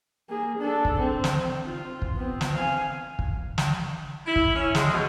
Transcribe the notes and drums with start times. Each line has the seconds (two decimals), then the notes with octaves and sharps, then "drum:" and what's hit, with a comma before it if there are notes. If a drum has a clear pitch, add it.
0.29 A#3 G#4
0.59 D4 A4
0.85 drum: kick
0.99 C4
1.24 drum: snare
1.66 F4
2.02 drum: kick
2.16 B3 C4
2.41 drum: snare
2.54 F5 G#5
3.19 drum: kick
3.58 drum: snare
4.26 E4
4.36 drum: kick
4.55 C#4
4.75 G#3, drum: snare
4.93 B2